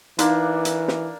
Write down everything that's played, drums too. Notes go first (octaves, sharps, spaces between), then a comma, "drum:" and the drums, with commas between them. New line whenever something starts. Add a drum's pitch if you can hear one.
E3 A#3 D4 D#4 F#5, drum: hi-hat
drum: hi-hat
drum: snare